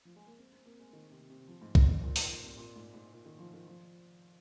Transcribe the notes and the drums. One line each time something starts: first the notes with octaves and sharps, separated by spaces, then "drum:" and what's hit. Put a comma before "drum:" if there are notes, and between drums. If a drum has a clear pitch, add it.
F3
G#3
A#3
C4
C4
A#3
G#3
D#3
C3
C3
F3
G#2
A#2, drum: kick
G#2
A#2
G#2, drum: open hi-hat
A#2
C3
A#2
G#2
G#2
A#2
D#3
F3
D#3
F3